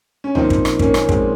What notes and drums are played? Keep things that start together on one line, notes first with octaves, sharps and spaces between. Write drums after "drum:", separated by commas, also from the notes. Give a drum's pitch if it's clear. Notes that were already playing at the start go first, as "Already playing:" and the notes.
C#4
A#2 F3 C4 D#4, drum: tom C#2
drum: kick
drum: rim click
A#3 C#4, drum: kick
A#3 C#4, drum: rim click
G#3 C4, drum: kick